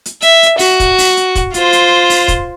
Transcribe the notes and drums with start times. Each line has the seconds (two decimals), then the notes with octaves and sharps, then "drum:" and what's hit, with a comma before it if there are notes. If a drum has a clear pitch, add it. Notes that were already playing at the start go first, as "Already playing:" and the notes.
0.06 drum: hi-hat
0.22 E5, drum: hi-hat
0.43 drum: hi-hat
0.59 F#4, drum: open hi-hat
0.80 drum: kick, hi-hat
0.98 drum: open hi-hat
1.17 drum: hi-hat
1.35 drum: kick, hi-hat
1.54 F4 C5, drum: hi-hat
1.73 drum: hi-hat
2.10 drum: open hi-hat
2.28 drum: kick, hi-hat